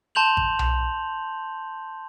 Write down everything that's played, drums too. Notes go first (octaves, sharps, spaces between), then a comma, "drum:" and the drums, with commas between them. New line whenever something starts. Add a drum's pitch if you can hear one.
A5 C6 G6 F7 F#7
drum: kick G#1
drum: tom B1